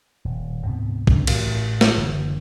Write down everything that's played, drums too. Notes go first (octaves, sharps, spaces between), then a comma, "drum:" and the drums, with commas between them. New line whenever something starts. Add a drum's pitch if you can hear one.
D#1
D2 G#2 C3 B3
C#3 C4 D4, drum: kick
A1 A2 E3 A3, drum: cymbal
drum: snare
F#1 D3 E3 A#3